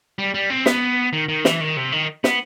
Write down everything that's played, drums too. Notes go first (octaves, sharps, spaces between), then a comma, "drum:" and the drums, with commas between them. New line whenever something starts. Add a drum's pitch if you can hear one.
G3
G3
C4
B3, drum: snare
D#3
D#3
E3, drum: snare
D#3
C3
D#3
B3, drum: snare